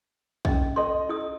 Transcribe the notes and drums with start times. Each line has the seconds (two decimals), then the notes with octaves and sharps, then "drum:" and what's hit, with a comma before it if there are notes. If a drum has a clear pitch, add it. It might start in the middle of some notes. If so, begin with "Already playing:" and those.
0.45 C#4 D#5, drum: kick
0.76 A4 D#5 C6
1.09 E4 D#6